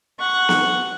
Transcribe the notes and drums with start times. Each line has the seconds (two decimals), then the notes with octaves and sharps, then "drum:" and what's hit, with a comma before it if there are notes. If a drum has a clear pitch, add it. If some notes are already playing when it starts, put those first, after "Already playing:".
0.19 F#5 C#6
0.49 drum: snare B3